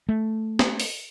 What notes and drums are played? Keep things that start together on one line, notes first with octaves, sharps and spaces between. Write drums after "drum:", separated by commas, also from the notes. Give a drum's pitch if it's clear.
A3
drum: snare
drum: open hi-hat